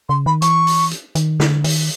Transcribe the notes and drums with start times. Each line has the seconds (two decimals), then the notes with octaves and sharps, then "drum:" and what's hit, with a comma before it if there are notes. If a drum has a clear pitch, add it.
0.09 C#3 C6
0.26 D#3 B5
0.42 E3 C#6, drum: hi-hat
0.67 drum: open hi-hat
0.91 drum: hi-hat
1.15 D#3, drum: hi-hat
1.40 D3, drum: snare
1.64 D#3, drum: open hi-hat